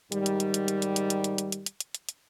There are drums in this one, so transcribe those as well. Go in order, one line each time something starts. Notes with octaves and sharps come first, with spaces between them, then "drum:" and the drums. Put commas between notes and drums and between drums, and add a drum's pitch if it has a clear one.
G#2 D#3 G3, drum: hi-hat
drum: hi-hat
drum: hi-hat
drum: hi-hat
drum: hi-hat
drum: hi-hat
drum: hi-hat
drum: hi-hat
drum: hi-hat
drum: hi-hat
drum: hi-hat
drum: hi-hat
drum: hi-hat
drum: hi-hat
drum: hi-hat